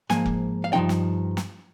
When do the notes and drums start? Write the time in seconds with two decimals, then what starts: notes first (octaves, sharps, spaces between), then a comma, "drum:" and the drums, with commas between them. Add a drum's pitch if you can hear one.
0.10 G#2 F3 A#3 G#5, drum: snare
0.26 drum: kick F1
0.64 F5
0.73 G2 F3 C4 D#4 G5
0.89 drum: snare
1.37 drum: snare